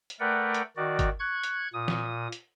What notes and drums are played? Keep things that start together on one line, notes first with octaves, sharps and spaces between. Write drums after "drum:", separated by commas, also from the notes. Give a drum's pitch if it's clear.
drum: hi-hat
A3 A#4 B4 D5 F#5 G5
drum: hi-hat
D#3 F#4 D5
drum: kick G1, hi-hat
C#6 F#6 G#6
drum: hi-hat
A#2 D#6
drum: snare
drum: hi-hat